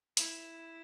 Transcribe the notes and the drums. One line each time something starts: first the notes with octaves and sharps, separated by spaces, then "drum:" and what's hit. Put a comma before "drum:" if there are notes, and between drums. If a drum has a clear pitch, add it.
E4, drum: hi-hat